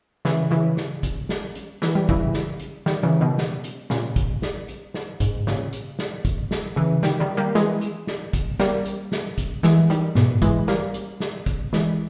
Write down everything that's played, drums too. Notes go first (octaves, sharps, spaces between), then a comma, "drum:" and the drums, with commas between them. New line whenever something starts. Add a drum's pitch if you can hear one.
C#3 E3, drum: snare
C#3 E3, drum: hi-hat
drum: snare
drum: kick, hi-hat
drum: snare
drum: hi-hat
E3, drum: snare
G3
C#3 E3, drum: kick
drum: snare
drum: hi-hat
D#3 G3, drum: snare
C#3 E3
B2 D#3
drum: snare
drum: hi-hat
A#2 C#3, drum: snare
drum: kick, hi-hat
drum: snare
drum: hi-hat
drum: snare
G#2, drum: kick, hi-hat
A#2 C#3, drum: snare
drum: hi-hat
drum: snare
drum: kick, hi-hat
drum: snare
C#3 E3
D#3 G3, drum: snare
D#3 G3
G3 A#3
E3 G#3, drum: snare
drum: hi-hat
drum: snare
drum: kick, hi-hat
G3 A#3, drum: snare
drum: hi-hat
drum: snare
drum: kick, hi-hat
E3 G#3, drum: snare
D#3 G3, drum: hi-hat
G#2 B2, drum: snare
E3 G#3, drum: kick, hi-hat
G3 A#3, drum: snare
drum: hi-hat
drum: snare
drum: kick, hi-hat
E3 G#3, drum: snare